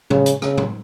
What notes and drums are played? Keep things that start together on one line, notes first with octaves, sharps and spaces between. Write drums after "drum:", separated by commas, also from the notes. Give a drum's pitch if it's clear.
C#3, drum: tom
drum: hi-hat
C#3, drum: rim click
drum: tom